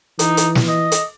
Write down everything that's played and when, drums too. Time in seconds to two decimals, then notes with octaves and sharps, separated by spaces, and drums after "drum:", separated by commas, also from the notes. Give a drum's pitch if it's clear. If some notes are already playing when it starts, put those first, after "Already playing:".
0.19 E3 D#4, drum: hi-hat
0.37 drum: hi-hat
0.55 drum: snare
0.68 D#5
0.92 drum: hi-hat